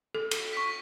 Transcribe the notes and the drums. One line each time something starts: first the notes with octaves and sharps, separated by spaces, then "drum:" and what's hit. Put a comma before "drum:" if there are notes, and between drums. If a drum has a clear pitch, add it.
A4
drum: cymbal
C#6 B6